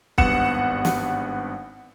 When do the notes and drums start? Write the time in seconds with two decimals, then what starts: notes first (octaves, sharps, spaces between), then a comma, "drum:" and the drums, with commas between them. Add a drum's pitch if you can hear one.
0.18 G#1 G2 B3 F#5 C#7 E7, drum: kick
0.85 drum: snare